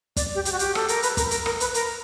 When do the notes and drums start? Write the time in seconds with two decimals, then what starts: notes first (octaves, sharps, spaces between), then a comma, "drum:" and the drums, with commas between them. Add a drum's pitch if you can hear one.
0.16 D5, drum: kick, hi-hat
0.35 G4
0.45 G4, drum: hi-hat
0.52 F#4
0.59 G4, drum: hi-hat
0.75 A4, drum: rim click
0.88 A#4, drum: hi-hat
1.03 B4, drum: hi-hat
1.17 A#4, drum: kick, hi-hat
1.31 A#4, drum: hi-hat
1.46 A#4, drum: rim click
1.60 B4, drum: hi-hat
1.74 A#4, drum: hi-hat